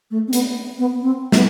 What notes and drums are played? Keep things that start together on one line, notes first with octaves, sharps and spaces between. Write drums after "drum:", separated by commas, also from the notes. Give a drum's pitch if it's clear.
A3
C4
B3, drum: hi-hat
B3
C4
B3, drum: snare